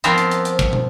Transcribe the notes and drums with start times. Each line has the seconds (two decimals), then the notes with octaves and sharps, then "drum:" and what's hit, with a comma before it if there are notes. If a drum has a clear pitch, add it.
0.04 F3 B3 C4 A#4 C5, drum: hi-hat
0.18 drum: hi-hat
0.31 drum: hi-hat
0.45 drum: hi-hat
0.59 drum: kick, hi-hat
0.73 drum: tom